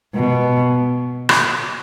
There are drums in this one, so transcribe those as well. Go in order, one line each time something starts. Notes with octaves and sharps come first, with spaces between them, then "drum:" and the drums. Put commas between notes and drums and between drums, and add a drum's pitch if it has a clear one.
B2
drum: rim click